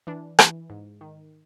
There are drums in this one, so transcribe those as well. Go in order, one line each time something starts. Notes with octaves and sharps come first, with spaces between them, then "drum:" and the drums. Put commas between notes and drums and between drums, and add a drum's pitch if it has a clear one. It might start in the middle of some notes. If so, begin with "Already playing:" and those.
E3 D4
E3, drum: rim click
G#2
D#3